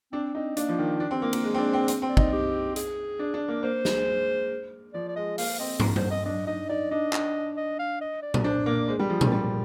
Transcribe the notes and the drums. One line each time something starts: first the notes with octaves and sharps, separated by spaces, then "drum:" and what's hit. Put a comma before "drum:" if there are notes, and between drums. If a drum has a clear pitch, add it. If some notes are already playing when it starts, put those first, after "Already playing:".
C4 D4
C4 D#4
A#3 D4, drum: hi-hat
F3
D#3
D4
C4 G4
A#3 F4
A#3 F4, drum: cymbal
G#3 G#4
C4
D4
C5
C4
C4, drum: hi-hat
C4
D5
D#4, drum: kick
G4
G#4, drum: hi-hat
D4
D4
A#3
A#3 C5
G#3, drum: snare
F3 D5
D5
G#3 D#5
A#3 F5, drum: open hi-hat
C4 D#5
drum: tom
C5, drum: tom
D#5
D4 D#5
D#4 D#5
D#4 D5
D4 D#5
D4, drum: clap
D#5
F5
D#5
D5
drum: tom A#2
D4 C5
A#3 D5
G#3 C5
G3 A#4
F3 G#4
F3 A#4, drum: tom A#2
G3 A#4